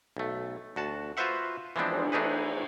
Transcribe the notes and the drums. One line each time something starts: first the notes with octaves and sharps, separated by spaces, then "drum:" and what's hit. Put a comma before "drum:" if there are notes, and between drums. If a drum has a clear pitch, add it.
B1 A3
D2 F#4 A5
F4 F#4 B4 C5 E5 F#5
E3 F3 G#3 B3 C4 D4
drum: cymbal
E3 A3 D4 D#4 G#4 B4